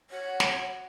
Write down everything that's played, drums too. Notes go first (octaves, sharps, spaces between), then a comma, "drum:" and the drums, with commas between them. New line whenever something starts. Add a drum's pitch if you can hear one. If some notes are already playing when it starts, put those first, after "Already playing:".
F#4 C#5 F#5
drum: snare